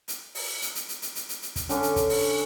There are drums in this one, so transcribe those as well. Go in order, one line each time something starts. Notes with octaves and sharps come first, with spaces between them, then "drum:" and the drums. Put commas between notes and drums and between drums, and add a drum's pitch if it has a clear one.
drum: hi-hat
drum: open hi-hat
drum: hi-hat
drum: hi-hat
drum: hi-hat
drum: hi-hat
drum: hi-hat
drum: hi-hat
drum: hi-hat
drum: kick, hi-hat
D3 C#4 D4, drum: hi-hat
drum: hi-hat
drum: kick, hi-hat
drum: open hi-hat